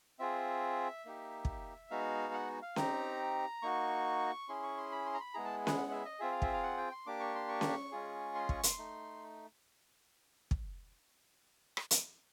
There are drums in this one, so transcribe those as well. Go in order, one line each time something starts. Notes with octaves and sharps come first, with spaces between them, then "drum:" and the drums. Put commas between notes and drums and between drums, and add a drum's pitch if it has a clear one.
C4 F4 G#4 E5
A#3 D#4 G4
drum: kick
G#3 B3 D#4 F#4 F5
F#5
F5
C4 D#4 G4 A#5, drum: snare C#4
A#3 D#4 F#4 C#6
C#4 E4 G#4 C6
C#6
C6
B5
C6
A#5
B5
G#3 B3 E4 G#4 A#5
A5
F#5, drum: snare C#4
F#5
E5
D#5
C4 F4 G#4 E5
F5
E5, drum: kick
F5
F#5
G5
C6
A#3 D4 G4 D6
C#6
C6
C#6
drum: snare C#4
G#3 C#4 F4 G#4
C6
C#6, drum: kick
C6, drum: hi-hat
A3 D#4
drum: kick
drum: rim click
drum: hi-hat